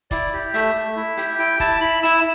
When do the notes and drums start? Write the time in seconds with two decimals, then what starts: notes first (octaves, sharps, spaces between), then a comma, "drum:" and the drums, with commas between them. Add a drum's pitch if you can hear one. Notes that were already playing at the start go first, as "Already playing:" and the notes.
0.11 E4 D5, drum: kick, hi-hat
0.33 G4
0.54 A3 E5, drum: hi-hat
0.75 A3
0.96 E4
1.17 G4, drum: hi-hat
1.39 E4 G5
1.60 E4 A5, drum: kick, hi-hat
1.81 E4 B5
2.03 E4 E6, drum: hi-hat